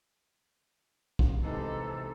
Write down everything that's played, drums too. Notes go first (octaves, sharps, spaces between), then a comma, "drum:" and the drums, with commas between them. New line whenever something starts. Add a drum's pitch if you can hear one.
drum: kick
C3 E3 G#3 D#4 A4